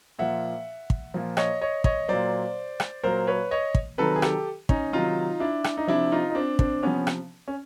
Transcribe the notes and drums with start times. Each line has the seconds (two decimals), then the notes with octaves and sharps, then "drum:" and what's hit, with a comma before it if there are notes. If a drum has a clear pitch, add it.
0.19 A#2 F3 E5 F#5
0.90 drum: kick
1.14 A#2 F3
1.37 C#5 D#5, drum: rim click
1.61 C#5 D#5
1.84 C#5 D#5, drum: kick
2.09 A#2 F#3 C5 D5
2.80 drum: rim click
3.03 A#2 F#3 A#4 C5
3.27 B4 C#5
3.51 C#5 D#5
3.75 drum: kick
3.98 C3 D#3 F#3 A4 B4
4.16 G#4
4.22 G4 A4, drum: rim click
4.69 C#4 D#4, drum: kick
4.93 C3 D#3 F#3 D#4 F4
5.40 D4 E4
5.64 drum: rim click
5.77 D#4
5.87 C3 F3 D4 E4
6.12 D#4 F4
6.30 D#4
6.35 C4 D4
6.59 C4 D4, drum: kick
6.83 C3 F3 B3 C#4
7.07 drum: rim click
7.48 C#4